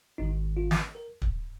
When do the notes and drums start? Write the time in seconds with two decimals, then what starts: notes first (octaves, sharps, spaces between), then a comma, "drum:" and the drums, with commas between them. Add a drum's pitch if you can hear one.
0.18 G#1 G#2 D#3 D#4
0.57 F4
0.71 drum: snare
0.95 A#4
1.22 drum: kick